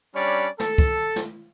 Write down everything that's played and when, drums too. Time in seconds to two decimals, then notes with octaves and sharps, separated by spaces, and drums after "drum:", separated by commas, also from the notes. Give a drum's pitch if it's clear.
0.15 G3 C#4 D4 C#5 D5 B5
0.60 A4, drum: snare
0.78 drum: kick
1.16 drum: snare